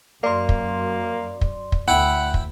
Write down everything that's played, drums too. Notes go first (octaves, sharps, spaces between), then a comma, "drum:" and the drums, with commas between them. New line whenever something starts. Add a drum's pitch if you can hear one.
F#2 A#3 D5 C6
drum: kick
drum: kick
drum: kick
D2 E4 F#5 G5
drum: kick